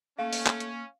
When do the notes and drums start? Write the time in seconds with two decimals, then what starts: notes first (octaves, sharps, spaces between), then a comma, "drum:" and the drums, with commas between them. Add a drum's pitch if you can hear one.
0.19 A3 A#3 C#4 F5
0.33 drum: open hi-hat
0.46 drum: clap
0.60 drum: hi-hat